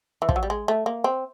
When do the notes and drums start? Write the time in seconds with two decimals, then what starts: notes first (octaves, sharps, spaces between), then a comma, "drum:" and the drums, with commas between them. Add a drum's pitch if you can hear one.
0.22 E3
0.29 F3, drum: kick
0.36 F#3
0.43 G3
0.50 G#3
0.68 A3
0.86 A#3
1.04 C4